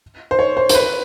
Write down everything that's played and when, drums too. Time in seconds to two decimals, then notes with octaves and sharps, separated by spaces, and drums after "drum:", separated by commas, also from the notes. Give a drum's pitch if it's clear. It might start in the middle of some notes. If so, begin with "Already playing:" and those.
0.31 C5
0.39 C#5
0.57 C5
0.69 C5, drum: hi-hat
0.75 B4